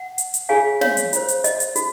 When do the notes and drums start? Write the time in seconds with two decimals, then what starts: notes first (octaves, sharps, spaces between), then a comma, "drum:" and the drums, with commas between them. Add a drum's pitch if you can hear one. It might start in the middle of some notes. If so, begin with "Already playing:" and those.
Already playing: F#5
0.18 drum: hi-hat
0.34 drum: hi-hat
0.49 F4 G#4 C#5 F5 G#5
0.81 C#5 F5, drum: snare
0.97 drum: hi-hat
1.13 F4 C5, drum: hi-hat
1.28 drum: hi-hat
1.44 D#5, drum: hi-hat
1.60 drum: hi-hat
1.76 F#4, drum: hi-hat